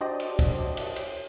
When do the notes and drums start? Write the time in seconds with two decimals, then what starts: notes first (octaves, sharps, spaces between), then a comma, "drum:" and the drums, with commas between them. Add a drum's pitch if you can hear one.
0.01 D4 F#4 G4 C5 D5 D#5
0.20 drum: cymbal
0.39 drum: kick, cymbal
0.77 drum: cymbal
0.96 drum: cymbal